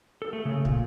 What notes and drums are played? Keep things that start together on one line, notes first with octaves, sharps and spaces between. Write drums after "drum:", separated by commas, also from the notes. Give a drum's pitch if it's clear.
A4
A3
C#3
A#2, drum: kick